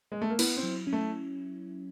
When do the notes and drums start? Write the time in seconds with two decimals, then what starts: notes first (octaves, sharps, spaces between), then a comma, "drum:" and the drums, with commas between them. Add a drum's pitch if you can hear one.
0.12 G#3
0.22 A3
0.30 A#3
0.39 B3 E4, drum: cymbal
0.57 C4
0.63 F#3
0.87 C#4
0.93 A3